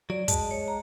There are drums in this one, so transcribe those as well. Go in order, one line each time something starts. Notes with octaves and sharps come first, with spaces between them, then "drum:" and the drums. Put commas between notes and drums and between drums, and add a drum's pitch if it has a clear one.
F#3 D5
G#3 A5, drum: kick, hi-hat
C#5
A#5